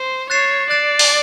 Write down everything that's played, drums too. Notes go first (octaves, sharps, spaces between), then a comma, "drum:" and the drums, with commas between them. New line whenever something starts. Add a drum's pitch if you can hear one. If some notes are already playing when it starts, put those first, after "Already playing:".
Already playing: C5
C#5 F#6 A6 C7 E7
D5 F#6 A6 C7 E7
drum: open hi-hat